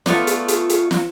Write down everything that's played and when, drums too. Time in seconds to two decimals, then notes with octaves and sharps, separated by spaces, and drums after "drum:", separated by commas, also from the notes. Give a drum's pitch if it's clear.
0.06 A3 B3 F4 D5, drum: snare
0.27 drum: hi-hat
0.48 drum: hi-hat
0.69 drum: hi-hat
0.91 drum: snare